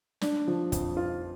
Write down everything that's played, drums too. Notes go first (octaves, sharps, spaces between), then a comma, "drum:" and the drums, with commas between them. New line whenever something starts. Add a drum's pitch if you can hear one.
D4, drum: snare
F3
F2, drum: kick, hi-hat
F4